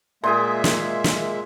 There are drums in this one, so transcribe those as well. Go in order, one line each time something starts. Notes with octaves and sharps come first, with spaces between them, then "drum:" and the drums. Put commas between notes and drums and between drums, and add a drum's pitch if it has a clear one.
A#2 G#3 A#3 G#4 E5 C6 D#6
drum: snare
drum: snare